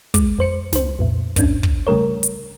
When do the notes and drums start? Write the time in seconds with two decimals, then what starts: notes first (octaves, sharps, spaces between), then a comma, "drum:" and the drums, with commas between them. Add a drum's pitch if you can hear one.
0.14 G#3, drum: kick, hi-hat
0.39 F2 C5 C#7
0.73 C#2 C5, drum: snare
0.99 C2 F2 A#2
1.36 E2 G#2 C#4 D4, drum: kick, hi-hat
1.63 drum: kick
1.87 C#3 G3 A3 A#4 C#5
2.23 drum: hi-hat